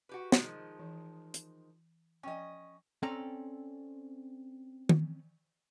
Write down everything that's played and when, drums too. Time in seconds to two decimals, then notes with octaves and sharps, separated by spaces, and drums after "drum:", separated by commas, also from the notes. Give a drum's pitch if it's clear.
0.09 F#4 G4 B4
0.32 D#3 F3 G#3, drum: snare
0.79 E3
1.34 drum: hi-hat
2.23 F3 C#4 D#5 G5 G#5
3.03 C4 C#4 A4 D5 G5 A#5
4.89 drum: tom D#3